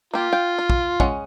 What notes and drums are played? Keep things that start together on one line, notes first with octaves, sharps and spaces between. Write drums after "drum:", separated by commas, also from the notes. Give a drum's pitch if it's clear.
A#3 F4 G4
F5 G5
F5
drum: kick
G#3 C#4 F#5, drum: kick